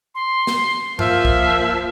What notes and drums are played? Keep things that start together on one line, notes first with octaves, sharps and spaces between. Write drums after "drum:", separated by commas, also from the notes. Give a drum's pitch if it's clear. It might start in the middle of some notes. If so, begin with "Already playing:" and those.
C6
drum: snare
F3 A#3 E5, drum: tom G2
drum: kick